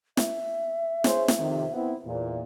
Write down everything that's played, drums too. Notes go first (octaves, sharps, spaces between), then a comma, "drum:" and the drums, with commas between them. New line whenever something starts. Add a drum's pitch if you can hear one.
E5, drum: snare
G#4 C5 C#5, drum: snare
drum: snare
F2 C3 D#3
B3 C4 E4
E2 A#2